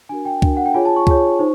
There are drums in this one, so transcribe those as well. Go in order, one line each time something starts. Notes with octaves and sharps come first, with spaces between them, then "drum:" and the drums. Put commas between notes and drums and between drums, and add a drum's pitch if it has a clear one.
D4 F#4 A#4 G#5
G5
D4 F#4 A#4, drum: kick C#2
F#5
G5
F4 G#4 C#5 G#5
A5
C#6
F4 G#4 C#5, drum: kick C#2
D#4 C5